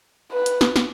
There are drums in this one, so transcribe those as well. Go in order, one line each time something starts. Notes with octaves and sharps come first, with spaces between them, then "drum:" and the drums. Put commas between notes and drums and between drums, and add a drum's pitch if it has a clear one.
B4
drum: hi-hat
drum: snare
drum: snare